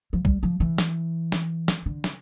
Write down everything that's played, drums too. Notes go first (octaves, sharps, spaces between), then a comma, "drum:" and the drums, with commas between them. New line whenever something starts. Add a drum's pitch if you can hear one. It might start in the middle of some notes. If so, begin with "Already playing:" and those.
F3
G3, drum: kick
F3
E3
drum: snare
drum: snare
drum: snare
D3
drum: snare